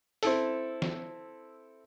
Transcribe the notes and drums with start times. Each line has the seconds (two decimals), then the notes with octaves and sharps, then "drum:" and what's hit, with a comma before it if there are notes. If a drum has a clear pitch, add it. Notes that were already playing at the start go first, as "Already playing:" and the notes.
0.23 C4 E4 A4, drum: open hi-hat
0.82 drum: snare